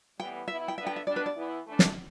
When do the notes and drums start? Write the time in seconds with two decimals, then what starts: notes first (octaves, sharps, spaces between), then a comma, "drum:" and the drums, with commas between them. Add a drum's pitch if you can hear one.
0.19 A2 E3 G3 B3 G5
0.48 B2 B3 E4 E5
0.68 G5
0.77 D3 B3 D4 E5
0.87 G5
0.96 E5
1.07 B2 G3 D4 D5
1.16 B4
1.26 D5
1.36 E3 B3 E4
1.64 E3 A3 D4
1.79 drum: snare